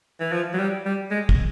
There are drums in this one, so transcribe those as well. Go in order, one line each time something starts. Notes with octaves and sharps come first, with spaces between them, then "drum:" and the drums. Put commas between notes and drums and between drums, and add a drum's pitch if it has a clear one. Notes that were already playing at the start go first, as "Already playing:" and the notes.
E3
F3
F#3
G3
G3
G#3
drum: kick